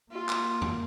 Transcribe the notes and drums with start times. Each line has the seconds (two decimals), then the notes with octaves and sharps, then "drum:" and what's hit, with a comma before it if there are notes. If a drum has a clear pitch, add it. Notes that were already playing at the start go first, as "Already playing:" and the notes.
0.12 A#3 F4
0.29 drum: clap
0.62 drum: tom E2